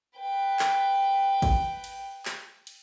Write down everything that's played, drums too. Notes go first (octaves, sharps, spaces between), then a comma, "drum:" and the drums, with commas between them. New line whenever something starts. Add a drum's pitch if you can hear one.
B4 G5
drum: clap
drum: kick, cymbal
drum: cymbal
drum: clap
drum: cymbal